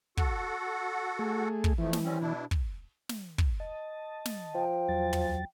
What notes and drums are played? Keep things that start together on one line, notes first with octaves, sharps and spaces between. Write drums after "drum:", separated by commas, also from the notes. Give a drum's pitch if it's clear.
F#4 A4 F#5, drum: kick
A3 G#4
drum: kick
F2 E3 F3 A3
drum: snare
G3 C4 C#4
B2 D4 E4
drum: kick
drum: snare
drum: kick
D#5 A5
drum: snare
F3 G5
E2 F#3 A6
drum: tom